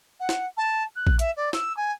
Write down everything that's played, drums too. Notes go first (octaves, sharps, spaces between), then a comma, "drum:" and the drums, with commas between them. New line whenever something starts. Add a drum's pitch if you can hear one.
F#5
drum: snare
A5
F#6
drum: kick A#1
E5, drum: hi-hat
D5
E6, drum: snare
G#5